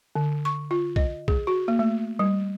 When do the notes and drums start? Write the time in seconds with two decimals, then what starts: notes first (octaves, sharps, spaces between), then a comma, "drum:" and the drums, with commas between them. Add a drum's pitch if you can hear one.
0.16 D3
0.45 C#6
0.71 F4
0.96 D#5, drum: kick B1
1.28 G#4, drum: kick B1
1.47 F#4
1.68 A#3
1.79 A3
2.19 G3